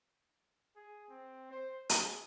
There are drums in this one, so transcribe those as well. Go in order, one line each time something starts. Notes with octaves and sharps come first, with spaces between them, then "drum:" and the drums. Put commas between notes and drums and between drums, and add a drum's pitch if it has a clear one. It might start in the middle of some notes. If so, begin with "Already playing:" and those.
G#4
C4
C5
G#4, drum: hi-hat